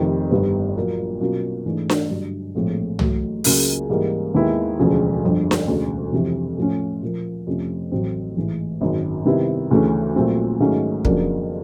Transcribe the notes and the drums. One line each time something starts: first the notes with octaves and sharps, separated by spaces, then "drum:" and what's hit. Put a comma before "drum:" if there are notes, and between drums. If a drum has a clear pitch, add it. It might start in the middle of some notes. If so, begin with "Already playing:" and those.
Already playing: F1 F2 C3 D#3
G1 G2 D#3 G3 B3
A#1 A#2 F#3 A#3
B2 F#3 A#3 C#4 F4
G#2 E3 A3 D4
drum: snare D4
G2 D3 F#3
A#1 A2 F3 G#3 C4
A1 A2 F#3, drum: tom
C#2 C#3 F#3 A#3, drum: open hi-hat
G#2 E3 G3 A#3
D#2 D#3 G#3 B3 E4
E1 D2 C#3 F3
G1 F2 D3
drum: snare D4
E1 D2 C#3
F2 C3 E3
A2 F3 A3 C#4
A#2 F3 A#3
F2 C3 F3 A3 C#4
A1 A2 F#3 A3 C4
A1 G#2 E3
G#1 F#2 D#3 F#3
C3 D#3 G3 B3 E4
D2 C#3 E3 A3 C#4
A#1 A#2 F#3 A3 C4
G#2 D#3 F#3 A3 C#4
F2 C#3 F#3 A#3 D4, drum: kick